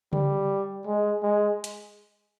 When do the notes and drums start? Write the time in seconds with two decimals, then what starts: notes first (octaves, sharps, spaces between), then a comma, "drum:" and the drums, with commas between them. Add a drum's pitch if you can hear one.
0.13 G3, drum: tom C#3
0.87 G#3
1.23 G#3
1.64 drum: hi-hat